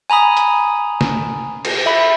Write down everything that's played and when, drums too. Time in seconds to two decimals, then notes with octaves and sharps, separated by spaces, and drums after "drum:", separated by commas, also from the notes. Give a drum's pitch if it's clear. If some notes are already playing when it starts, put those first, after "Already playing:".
0.10 G#5 A#5 B5 D#6
0.37 drum: hi-hat
1.01 drum: snare
1.65 drum: cymbal
1.86 E5 B5